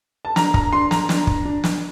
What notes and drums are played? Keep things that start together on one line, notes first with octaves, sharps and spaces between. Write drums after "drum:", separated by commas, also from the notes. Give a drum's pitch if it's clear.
A5
D4 A#5, drum: snare
A#5, drum: kick
D4 C6
A#5, drum: snare
D4, drum: snare
drum: kick
D4
drum: snare